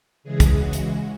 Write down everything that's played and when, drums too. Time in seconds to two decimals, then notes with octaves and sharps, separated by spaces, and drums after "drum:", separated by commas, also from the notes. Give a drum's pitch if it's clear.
0.23 C#3 E3 G#3 G#4
0.40 drum: kick, hi-hat
0.56 F#4
0.73 drum: hi-hat